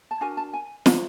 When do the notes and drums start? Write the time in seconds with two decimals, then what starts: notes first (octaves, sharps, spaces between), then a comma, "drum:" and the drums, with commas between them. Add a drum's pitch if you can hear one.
0.11 A5
0.21 D4 F#4 A#4 G#5
0.37 A5
0.53 G#5
0.86 A#5, drum: snare